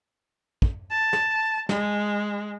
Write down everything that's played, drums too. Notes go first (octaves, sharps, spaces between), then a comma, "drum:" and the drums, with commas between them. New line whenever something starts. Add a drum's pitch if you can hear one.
drum: kick
A5
drum: snare
G#3, drum: snare